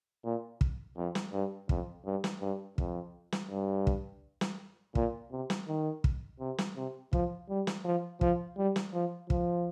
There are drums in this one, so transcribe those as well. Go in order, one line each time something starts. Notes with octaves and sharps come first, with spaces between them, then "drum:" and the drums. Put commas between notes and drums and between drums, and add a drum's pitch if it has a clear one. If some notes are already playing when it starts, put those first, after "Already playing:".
A#2
drum: kick
F2
drum: snare
G2
F2, drum: kick
G2
drum: snare
G2
F2, drum: kick
drum: snare
G2
drum: kick
drum: snare
A#2, drum: kick
C3
drum: snare
D#3
drum: kick
C3
drum: snare
C3
F3, drum: kick
G3
drum: snare
F3
F3, drum: kick
G3
drum: snare
F3
F3, drum: kick